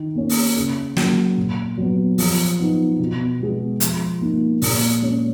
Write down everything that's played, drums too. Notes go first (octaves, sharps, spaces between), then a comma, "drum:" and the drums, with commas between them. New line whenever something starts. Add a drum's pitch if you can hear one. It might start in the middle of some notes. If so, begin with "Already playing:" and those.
Already playing: D#3
A#3 C#4
drum: open hi-hat
C#3
F#3 A#3, drum: snare
A#2
F#3 B3
F3, drum: open hi-hat
B3 D#4
B2
G#3 B3
F3, drum: hi-hat
A#3 D#4
A#2, drum: open hi-hat
G#3 C#4